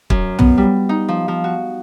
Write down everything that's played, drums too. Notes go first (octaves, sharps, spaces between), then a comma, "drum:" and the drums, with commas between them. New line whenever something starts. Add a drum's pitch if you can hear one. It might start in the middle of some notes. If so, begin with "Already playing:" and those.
F#2, drum: kick
B3, drum: tom
G3
D#4
F3
F3
F#4